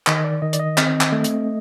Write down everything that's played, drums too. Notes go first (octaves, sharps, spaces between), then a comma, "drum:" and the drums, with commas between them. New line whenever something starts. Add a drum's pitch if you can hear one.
D#3 D#5, drum: clap
D5
D#3 D#5
D5, drum: hi-hat
D#5
C4, drum: clap
drum: clap
A3
drum: hi-hat